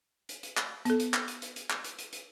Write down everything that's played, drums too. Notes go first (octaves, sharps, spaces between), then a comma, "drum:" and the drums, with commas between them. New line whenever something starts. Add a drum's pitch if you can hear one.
drum: hi-hat
drum: hi-hat
drum: clap
B3 A4, drum: hi-hat
drum: hi-hat
drum: clap
drum: hi-hat
drum: hi-hat
drum: hi-hat
drum: clap
drum: hi-hat
drum: hi-hat
drum: hi-hat